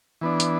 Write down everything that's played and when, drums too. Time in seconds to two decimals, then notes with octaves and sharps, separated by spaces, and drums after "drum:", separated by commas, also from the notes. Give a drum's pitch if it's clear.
0.21 E3 B3 D4
0.40 drum: hi-hat